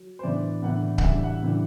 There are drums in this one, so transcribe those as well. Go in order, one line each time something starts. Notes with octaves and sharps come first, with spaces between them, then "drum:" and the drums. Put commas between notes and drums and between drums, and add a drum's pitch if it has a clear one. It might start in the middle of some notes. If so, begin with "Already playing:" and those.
Already playing: F#3
C5
A2 E3 B3 D4 D5
A2 E3 B3 D4 F#5
F#5, drum: kick C#1
A2 E3 G3 D4 E5
F#5
A2 E3 G3 D4